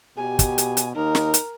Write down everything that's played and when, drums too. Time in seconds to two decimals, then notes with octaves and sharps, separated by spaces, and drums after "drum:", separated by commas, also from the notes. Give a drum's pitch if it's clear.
0.18 B2 G4 G#5
0.39 drum: kick, hi-hat
0.58 drum: hi-hat
0.77 drum: hi-hat
0.96 D#2 D#4 A#4
1.15 drum: snare
1.34 drum: hi-hat